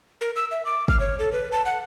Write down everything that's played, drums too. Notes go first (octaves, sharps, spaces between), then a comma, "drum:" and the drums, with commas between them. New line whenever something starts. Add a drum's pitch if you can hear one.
A#4
E6
E5
D6
F6, drum: kick
C#5
A4
B4
A5
F#5